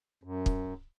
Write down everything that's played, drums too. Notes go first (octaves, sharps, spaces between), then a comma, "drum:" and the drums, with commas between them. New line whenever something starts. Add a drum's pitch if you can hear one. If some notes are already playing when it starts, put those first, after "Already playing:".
F#2
drum: kick